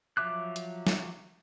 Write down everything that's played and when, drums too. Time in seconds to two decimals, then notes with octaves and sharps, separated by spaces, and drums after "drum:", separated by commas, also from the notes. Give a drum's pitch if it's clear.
0.17 F3 F#3 E5 D6 F#6
0.56 drum: hi-hat
0.87 drum: snare